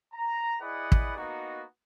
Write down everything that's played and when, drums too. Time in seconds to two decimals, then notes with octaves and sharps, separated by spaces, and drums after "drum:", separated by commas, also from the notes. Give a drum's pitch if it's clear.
0.13 A#5
0.60 E4 G#4 B4 D5 D#5 F#5
0.92 drum: kick
1.16 A#3 B3 D#4 F#4